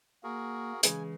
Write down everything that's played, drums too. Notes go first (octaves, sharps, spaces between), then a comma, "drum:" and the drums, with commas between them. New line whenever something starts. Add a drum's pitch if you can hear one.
A#3 F#4 G#4 A#4
C#3 E3 G#3 G#5, drum: hi-hat